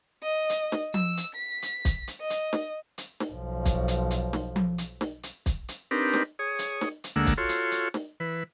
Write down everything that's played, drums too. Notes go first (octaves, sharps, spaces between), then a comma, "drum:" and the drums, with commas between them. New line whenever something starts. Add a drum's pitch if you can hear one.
D#5
drum: hi-hat
drum: snare
E6, drum: tom F3
drum: hi-hat
B6
drum: hi-hat
drum: kick, hi-hat
drum: hi-hat
D#5
drum: hi-hat
drum: snare
drum: hi-hat
drum: snare
B1 F3
drum: kick, hi-hat
drum: hi-hat
drum: hi-hat
drum: snare
drum: tom F3
drum: hi-hat
drum: snare
drum: hi-hat
drum: kick, hi-hat
drum: hi-hat
C4 D4 D#4 G4 A#4 B4
drum: snare
G#4 C#5 D#6
drum: hi-hat
drum: snare
drum: hi-hat
D2 D3 G#3 A#3 F#5 E6
drum: kick, hi-hat
F4 F#4 A4 C#5 C6
drum: hi-hat
drum: hi-hat
drum: snare
E3 B4